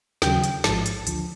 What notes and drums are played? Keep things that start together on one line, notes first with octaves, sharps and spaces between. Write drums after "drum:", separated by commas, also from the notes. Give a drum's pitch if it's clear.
D#2 C#3 F#3 G5, drum: snare
drum: hi-hat
A1 G#2 F3 A5, drum: snare
drum: hi-hat
D2 D3 F3, drum: hi-hat